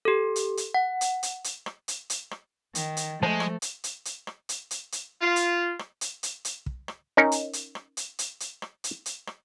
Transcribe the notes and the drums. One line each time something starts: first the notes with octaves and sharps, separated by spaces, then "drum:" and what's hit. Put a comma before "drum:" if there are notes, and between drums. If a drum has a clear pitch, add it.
G4 A4
drum: hi-hat
drum: hi-hat
F#5
drum: hi-hat
drum: hi-hat
drum: hi-hat
drum: rim click
drum: hi-hat
drum: hi-hat
drum: rim click
D#3, drum: hi-hat
drum: hi-hat
F3 G#3 A3 C5 A5
drum: rim click
drum: hi-hat
drum: hi-hat
drum: hi-hat
drum: rim click
drum: hi-hat
drum: hi-hat
drum: hi-hat
F4
drum: hi-hat
drum: rim click
drum: hi-hat
drum: hi-hat
drum: hi-hat
drum: kick
drum: rim click
C#4 D#4 A#4
drum: hi-hat
drum: hi-hat
drum: rim click
drum: hi-hat
drum: hi-hat
drum: hi-hat
drum: rim click
drum: hi-hat
drum: hi-hat
drum: rim click